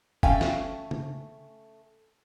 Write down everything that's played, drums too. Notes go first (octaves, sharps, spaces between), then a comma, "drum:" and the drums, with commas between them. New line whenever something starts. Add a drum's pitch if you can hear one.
A3 C#4 F5 G5 G#5, drum: kick F#1
drum: snare
drum: tom C#3